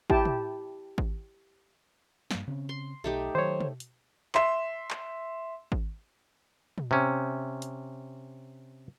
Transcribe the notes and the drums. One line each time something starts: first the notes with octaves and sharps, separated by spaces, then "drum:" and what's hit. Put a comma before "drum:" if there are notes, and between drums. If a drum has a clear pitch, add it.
E4 G4 G5 A5, drum: kick G#1
drum: tom
drum: kick G#1
G2 A#3, drum: snare
C#3 C4 C#4
C6
B1 A3 D#4 G4
D#3 F#3 C5 C#5
drum: tom
drum: hi-hat
E5 C6, drum: clap
drum: clap
drum: kick G#1
drum: tom
C3 C#4
drum: hi-hat